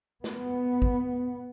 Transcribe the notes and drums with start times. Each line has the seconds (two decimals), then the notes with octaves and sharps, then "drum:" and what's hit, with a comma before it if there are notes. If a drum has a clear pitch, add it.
0.24 B3, drum: snare
0.82 drum: kick